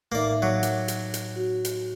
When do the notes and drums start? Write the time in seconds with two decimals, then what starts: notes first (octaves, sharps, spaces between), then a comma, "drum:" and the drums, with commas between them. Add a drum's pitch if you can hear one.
0.12 A2 A#3 D#4 D5 E5
0.42 F#3
0.63 drum: hi-hat
0.88 drum: hi-hat
1.14 drum: hi-hat
1.36 F#4
1.65 drum: hi-hat